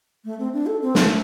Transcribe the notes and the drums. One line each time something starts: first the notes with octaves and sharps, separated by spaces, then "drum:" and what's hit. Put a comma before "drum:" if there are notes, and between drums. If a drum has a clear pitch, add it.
A3
C4
D4
A4
C4
A3, drum: snare